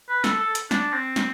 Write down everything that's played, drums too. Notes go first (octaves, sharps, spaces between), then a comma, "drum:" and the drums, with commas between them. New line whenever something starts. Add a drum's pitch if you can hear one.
B4
A4, drum: snare
A4
drum: hi-hat
D4, drum: snare
C4
drum: snare